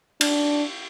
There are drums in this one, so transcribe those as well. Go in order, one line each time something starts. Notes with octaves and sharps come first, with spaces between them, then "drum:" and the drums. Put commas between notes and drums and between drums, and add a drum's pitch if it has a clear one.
D4, drum: cymbal